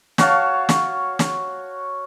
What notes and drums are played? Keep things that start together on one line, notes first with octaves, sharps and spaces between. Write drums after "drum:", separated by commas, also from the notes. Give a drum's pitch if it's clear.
F#4 C#5 F5 A5, drum: snare
drum: snare
drum: snare